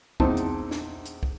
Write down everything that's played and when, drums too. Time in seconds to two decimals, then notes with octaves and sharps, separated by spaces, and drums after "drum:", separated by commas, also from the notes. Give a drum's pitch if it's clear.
0.20 E2 A#2 C4 D#4 A5, drum: kick
0.37 drum: hi-hat
0.71 drum: snare
1.06 drum: hi-hat
1.23 drum: kick